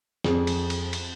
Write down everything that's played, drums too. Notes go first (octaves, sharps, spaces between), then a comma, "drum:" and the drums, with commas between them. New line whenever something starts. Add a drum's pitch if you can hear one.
F2 G#4, drum: snare
drum: cymbal
drum: cymbal
drum: cymbal